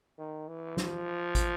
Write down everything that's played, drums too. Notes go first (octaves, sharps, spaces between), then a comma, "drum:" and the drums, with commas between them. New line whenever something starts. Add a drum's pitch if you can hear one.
D#3
E3
F3, drum: snare
drum: kick, hi-hat